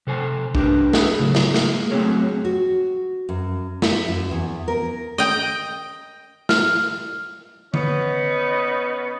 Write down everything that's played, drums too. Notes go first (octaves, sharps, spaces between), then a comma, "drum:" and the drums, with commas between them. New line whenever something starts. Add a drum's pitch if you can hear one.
C3 A4 C5 G#5
D4 G4 G#4 A#4 B4, drum: kick
G#4 A4 B4 E5, drum: snare
A2 C#3 F#3
drum: snare
G#3 A#3, drum: snare
F#3 A3 C4 G#4 A#4 C#5
F#4
F#2
E5, drum: snare
F#2
E2
A#4
D#5 G5
F6, drum: snare
B3 C#4 D#4, drum: tom D3